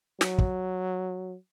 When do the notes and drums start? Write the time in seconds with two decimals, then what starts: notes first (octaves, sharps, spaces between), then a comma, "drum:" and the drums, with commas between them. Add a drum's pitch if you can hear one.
0.21 F#3, drum: snare
0.38 drum: kick